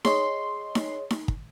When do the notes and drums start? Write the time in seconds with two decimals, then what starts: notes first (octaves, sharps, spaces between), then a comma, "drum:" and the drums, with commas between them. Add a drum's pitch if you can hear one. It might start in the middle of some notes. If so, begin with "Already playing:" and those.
0.05 G#4 C#5 D#5 C6, drum: snare D#4
0.75 drum: snare D#4
1.11 drum: snare D#4
1.28 drum: kick